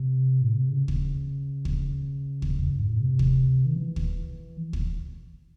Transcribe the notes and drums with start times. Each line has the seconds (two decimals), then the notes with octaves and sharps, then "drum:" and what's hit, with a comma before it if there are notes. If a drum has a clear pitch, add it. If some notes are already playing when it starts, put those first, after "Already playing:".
Already playing: C3
0.42 A2
0.55 C3
0.68 C#3
0.88 drum: kick D2
1.65 drum: kick D2
2.42 drum: kick D2
2.59 E2
2.69 F#2
2.79 G#2
2.90 A2
3.00 C3
3.19 drum: kick D2
3.66 D#3
3.76 E3
3.96 drum: kick D2
4.73 drum: kick D2